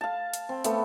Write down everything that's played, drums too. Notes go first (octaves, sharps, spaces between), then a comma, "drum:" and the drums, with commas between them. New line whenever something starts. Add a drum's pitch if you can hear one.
F5 A5
drum: hi-hat
C4
A3 B3 A4 G5, drum: hi-hat